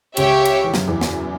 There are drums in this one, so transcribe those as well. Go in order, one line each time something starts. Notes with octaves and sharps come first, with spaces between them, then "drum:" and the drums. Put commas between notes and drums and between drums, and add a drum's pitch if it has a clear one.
C#2 C#3 G4 C#5 E5 G5, drum: cymbal
drum: cymbal
E3
F#2 F#3, drum: snare
E2 E3
drum: snare